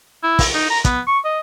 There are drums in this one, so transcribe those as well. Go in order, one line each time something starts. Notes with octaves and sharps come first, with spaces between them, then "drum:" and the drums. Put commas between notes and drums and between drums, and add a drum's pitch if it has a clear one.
E4
drum: kick, open hi-hat
D#4
A#5
B3, drum: kick, hi-hat
C#6
D#5